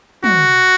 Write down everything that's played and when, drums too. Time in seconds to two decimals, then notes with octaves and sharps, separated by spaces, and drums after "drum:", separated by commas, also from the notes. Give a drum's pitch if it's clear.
0.24 F#4, drum: tom